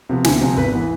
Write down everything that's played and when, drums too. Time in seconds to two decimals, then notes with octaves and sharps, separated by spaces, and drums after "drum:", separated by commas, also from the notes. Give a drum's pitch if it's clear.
0.09 C3 F3 B3
0.25 D2 G#5, drum: snare
0.41 C3 F3 B3
0.57 G#1 B4
0.73 E3 B3